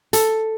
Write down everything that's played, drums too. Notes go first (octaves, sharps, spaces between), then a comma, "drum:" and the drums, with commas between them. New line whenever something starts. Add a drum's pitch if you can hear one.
A4, drum: hi-hat